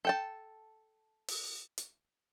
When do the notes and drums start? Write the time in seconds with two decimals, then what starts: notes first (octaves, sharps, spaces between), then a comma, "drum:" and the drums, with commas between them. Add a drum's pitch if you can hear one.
0.05 A4 G5 A5
1.28 drum: open hi-hat
1.78 drum: hi-hat